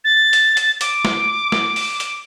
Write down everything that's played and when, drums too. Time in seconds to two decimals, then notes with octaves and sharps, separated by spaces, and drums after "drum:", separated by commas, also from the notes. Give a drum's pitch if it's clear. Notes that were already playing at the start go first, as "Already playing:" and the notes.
0.04 A6
0.33 drum: hi-hat
0.57 drum: hi-hat
0.81 D6, drum: hi-hat
1.05 drum: snare
1.52 drum: snare
1.76 drum: open hi-hat
2.00 drum: hi-hat